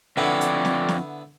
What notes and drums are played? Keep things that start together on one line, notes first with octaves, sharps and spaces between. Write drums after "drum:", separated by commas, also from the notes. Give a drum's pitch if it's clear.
F2 D3 B3 E4 C#5 D5 E5 G5
drum: hi-hat
drum: snare
drum: snare